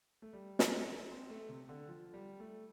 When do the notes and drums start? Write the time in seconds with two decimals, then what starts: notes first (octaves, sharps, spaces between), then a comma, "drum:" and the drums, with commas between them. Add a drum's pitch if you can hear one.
0.22 A3
0.33 G3
0.59 drum: snare
0.72 A3
1.11 C4
1.30 A3
1.49 C3
1.69 D3
1.88 F3
2.14 G3
2.40 A3